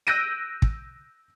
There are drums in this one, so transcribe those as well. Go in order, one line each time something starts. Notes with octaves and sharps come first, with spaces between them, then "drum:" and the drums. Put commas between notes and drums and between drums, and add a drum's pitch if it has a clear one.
E6 F#6 G6 A#6 D7 D#7
drum: kick